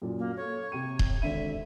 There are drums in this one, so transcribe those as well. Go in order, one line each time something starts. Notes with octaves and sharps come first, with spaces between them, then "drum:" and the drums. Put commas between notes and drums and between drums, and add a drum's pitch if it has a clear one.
F#2 A#2
A#3
A4 C#5
C3 G5 D#7
drum: kick D#1
G#1 D3 E5 D#7